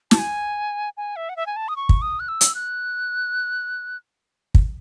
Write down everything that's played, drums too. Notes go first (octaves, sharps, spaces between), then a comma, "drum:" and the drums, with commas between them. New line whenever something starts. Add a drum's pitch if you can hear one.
A5, drum: snare
G#5
G#5
E5
F#5
E5
G#5
A5
D#6
C#6
drum: kick
D#6
F#6
E6
drum: hi-hat
F#6
drum: kick